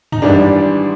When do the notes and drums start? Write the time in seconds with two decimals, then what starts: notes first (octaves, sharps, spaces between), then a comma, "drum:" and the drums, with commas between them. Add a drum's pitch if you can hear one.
0.12 D#4, drum: tom F#2
0.22 G#1 G#2 E3 G3 D4